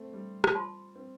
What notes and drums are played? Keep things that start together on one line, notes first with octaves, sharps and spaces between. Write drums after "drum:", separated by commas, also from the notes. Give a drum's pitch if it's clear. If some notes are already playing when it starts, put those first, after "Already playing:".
Already playing: A3 C4
G3
drum: rim click
F4 C5 A5 C6
C4